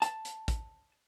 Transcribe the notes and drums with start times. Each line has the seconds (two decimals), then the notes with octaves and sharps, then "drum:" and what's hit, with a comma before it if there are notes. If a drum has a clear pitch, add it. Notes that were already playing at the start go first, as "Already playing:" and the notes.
0.02 A5, drum: hi-hat
0.25 drum: hi-hat
0.48 drum: kick, hi-hat